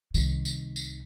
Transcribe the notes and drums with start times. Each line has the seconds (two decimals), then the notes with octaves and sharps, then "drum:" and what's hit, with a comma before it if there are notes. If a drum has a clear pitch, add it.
0.14 C2 D#3, drum: tambourine
0.45 drum: tambourine
0.76 drum: tambourine